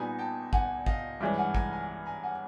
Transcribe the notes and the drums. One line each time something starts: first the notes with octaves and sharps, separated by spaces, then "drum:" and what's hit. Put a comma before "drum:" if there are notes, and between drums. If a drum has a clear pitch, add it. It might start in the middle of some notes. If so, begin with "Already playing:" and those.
Already playing: A#2 G3 B3 D#4 G#5 A#5
G5 A5
F#5 G#5, drum: kick
D#5 F5, drum: kick
G2 E3 G#3 C#4 D5 E5
F#5 G#5
G#5 A#5, drum: kick
G#5 A#5
G#5 A#5
F#5 G#5